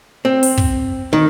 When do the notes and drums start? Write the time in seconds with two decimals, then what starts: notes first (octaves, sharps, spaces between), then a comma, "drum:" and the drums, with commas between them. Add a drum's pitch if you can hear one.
0.25 C4
0.43 drum: open hi-hat
0.57 drum: kick
1.13 D#3